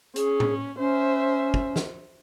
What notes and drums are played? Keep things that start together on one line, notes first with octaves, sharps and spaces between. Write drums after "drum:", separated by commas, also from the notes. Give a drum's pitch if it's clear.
C#4 G#4, drum: hi-hat
drum: tom A2
C#4 C5 E5
drum: kick
drum: snare